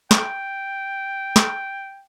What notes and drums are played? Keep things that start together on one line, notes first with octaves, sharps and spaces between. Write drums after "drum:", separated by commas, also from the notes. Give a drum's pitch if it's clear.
G5, drum: snare
drum: snare